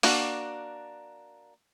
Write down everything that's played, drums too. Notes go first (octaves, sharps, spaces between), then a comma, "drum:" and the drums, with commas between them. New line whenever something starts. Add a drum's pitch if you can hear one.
A#3 D4 F#4, drum: open hi-hat